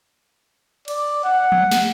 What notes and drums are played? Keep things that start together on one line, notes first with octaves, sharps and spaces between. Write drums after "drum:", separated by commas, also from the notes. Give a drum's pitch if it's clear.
D5, drum: cymbal
F#5
drum: tom
drum: snare